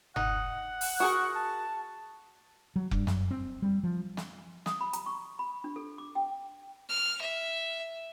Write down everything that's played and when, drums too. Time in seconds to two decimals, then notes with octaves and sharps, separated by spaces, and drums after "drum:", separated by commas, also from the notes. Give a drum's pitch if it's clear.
0.16 D#4 F#5, drum: tom F#1
0.81 drum: open hi-hat
1.00 F#4 G#4 A#4 C#6
1.35 A5
2.76 F#3
2.91 G2, drum: kick F1
3.07 F#2, drum: snare
3.31 C4
3.62 G3
3.83 F3
4.17 drum: snare
4.66 D#6, drum: snare
4.81 B5
4.93 A#5, drum: hi-hat
5.06 C#6
5.39 B5
5.64 D4
5.76 A4
5.98 D6
6.15 G5
6.89 F6
7.21 E5